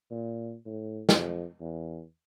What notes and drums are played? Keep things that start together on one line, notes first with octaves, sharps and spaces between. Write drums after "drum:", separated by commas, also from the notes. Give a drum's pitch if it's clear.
A#2
A2
F2, drum: snare
E2